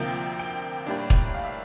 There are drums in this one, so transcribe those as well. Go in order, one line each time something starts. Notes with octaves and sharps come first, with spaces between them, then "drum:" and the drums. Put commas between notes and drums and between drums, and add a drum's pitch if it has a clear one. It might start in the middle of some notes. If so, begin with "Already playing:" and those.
Already playing: D2 C3 F3 A#3 G5
G5
A2 G3 A#3 D4
drum: kick
F5
E5